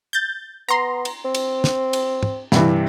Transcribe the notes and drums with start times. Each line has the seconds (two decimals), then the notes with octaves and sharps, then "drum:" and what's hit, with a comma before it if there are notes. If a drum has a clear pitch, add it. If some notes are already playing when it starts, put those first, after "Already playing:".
0.13 G6 A6
0.69 B3 A#5 C6
1.05 drum: cymbal
1.25 C4
1.35 drum: cymbal
1.64 drum: snare
1.93 drum: cymbal
2.23 drum: tom
2.52 G2 C3 E3, drum: snare